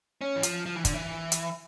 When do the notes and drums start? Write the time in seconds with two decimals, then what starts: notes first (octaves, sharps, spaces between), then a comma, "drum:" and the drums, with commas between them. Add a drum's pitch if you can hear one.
0.21 C#4
0.36 E3
0.43 F3, drum: hi-hat
0.66 F3
0.75 E3
0.85 D3, drum: kick, hi-hat
0.94 E3
1.32 drum: hi-hat